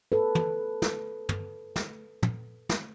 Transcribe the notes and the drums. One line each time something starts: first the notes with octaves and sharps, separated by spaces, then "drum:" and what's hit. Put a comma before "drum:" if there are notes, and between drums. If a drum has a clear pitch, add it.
A4 B4
drum: tom
drum: snare
drum: tom
drum: snare
drum: tom
drum: snare